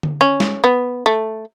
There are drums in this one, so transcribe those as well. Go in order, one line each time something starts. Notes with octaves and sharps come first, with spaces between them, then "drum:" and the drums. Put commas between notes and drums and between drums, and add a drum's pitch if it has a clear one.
drum: tom D3
C#4
drum: snare
B3
A3